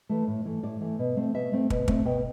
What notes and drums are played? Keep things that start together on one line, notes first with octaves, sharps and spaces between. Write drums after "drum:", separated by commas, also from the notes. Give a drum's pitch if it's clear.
E3 A3
A2
E3 A3
A2 D5
E3 A3
B2
A3 C4
B2 E5
A3 C4
B2, drum: kick
A3 C4, drum: kick
B2 G5